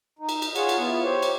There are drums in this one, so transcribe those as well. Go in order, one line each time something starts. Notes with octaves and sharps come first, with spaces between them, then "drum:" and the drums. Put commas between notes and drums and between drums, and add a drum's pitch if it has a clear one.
D#4
drum: cymbal
drum: cymbal
F4 G#4 C#5 F#5, drum: cymbal
drum: cymbal
B3 E4 F4
G4 C5 C#5
drum: cymbal